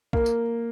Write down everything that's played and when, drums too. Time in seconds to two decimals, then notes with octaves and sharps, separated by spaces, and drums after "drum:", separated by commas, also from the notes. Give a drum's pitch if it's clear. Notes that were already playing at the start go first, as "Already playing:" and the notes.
0.13 A#3, drum: kick
0.26 drum: tambourine